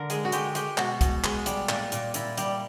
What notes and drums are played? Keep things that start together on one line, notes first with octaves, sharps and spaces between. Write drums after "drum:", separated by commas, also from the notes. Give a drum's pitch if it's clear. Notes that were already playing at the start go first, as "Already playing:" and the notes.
Already playing: D3 A#4
G#3 G#4, drum: hi-hat
F#4
G#3 G4, drum: hi-hat
G#3 G4, drum: hi-hat
B2 F#4, drum: clap
B2, drum: kick, hi-hat
G#3, drum: clap
G3, drum: hi-hat
A#2, drum: clap
A#2, drum: hi-hat
A#2 E4, drum: hi-hat
G3, drum: hi-hat